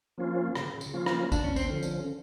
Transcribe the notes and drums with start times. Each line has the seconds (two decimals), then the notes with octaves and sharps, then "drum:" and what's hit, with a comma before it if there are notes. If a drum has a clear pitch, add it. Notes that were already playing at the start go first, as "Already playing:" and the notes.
0.18 F3 A#3 C#4 F4
0.55 C#3, drum: rim click
0.81 drum: tambourine
0.93 F3 A#3 C#4 F4
1.06 drum: rim click
1.32 D#2 D4, drum: kick A1, tambourine
1.44 C#4
1.56 C4, drum: tambourine
1.69 D3 F3 C#4
1.83 drum: tambourine